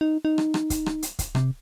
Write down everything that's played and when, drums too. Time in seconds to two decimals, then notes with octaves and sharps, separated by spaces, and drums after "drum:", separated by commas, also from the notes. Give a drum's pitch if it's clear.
0.01 D#4
0.25 D#4
0.38 drum: rim click
0.54 drum: rim click
0.70 drum: kick, hi-hat
0.86 drum: rim click
1.03 drum: hi-hat
1.19 drum: kick, hi-hat
1.35 C3, drum: rim click